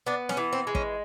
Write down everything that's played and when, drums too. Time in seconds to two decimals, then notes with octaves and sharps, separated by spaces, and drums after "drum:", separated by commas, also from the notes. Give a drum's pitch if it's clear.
0.06 B3 D4
0.29 C#4, drum: snare
0.37 E3
0.53 C4
0.67 G#3
0.75 C#4, drum: kick